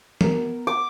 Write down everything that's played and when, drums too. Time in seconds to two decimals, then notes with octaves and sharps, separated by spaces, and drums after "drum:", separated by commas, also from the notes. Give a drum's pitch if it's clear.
0.21 B3 A#4, drum: tom E3
0.67 D6